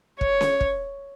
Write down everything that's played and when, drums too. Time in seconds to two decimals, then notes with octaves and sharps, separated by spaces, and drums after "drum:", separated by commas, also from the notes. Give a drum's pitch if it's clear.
0.21 C#5, drum: kick
0.41 drum: snare C#4
0.61 drum: kick